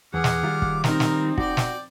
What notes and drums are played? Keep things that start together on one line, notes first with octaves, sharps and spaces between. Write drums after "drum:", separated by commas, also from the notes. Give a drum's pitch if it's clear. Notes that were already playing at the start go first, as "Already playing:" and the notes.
E2 G#4 F#5 D6 F6
drum: snare
D#3 G3 F4
drum: kick
C4 D#4 A#4, drum: snare
drum: snare
F#4 D5 G5, drum: kick
drum: snare